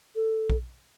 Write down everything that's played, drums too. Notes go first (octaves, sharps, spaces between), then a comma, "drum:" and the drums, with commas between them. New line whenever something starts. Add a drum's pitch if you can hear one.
A4
drum: kick